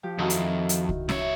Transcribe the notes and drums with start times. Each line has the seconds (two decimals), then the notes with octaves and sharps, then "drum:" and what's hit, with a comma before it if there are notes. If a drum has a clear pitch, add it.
0.03 F3 G4
0.18 F2 D#3 E4 F#4
0.30 drum: hi-hat
0.69 drum: hi-hat
0.89 drum: kick C2
1.09 C2 C#5 E5, drum: snare C#4